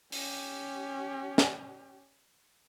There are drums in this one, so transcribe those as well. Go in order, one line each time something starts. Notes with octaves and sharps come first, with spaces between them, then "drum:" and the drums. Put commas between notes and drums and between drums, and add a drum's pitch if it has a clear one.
C#4 G4, drum: open hi-hat
drum: snare